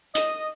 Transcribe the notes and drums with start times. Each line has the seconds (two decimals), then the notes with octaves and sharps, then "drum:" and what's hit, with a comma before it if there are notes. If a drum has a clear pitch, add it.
0.15 D#5, drum: hi-hat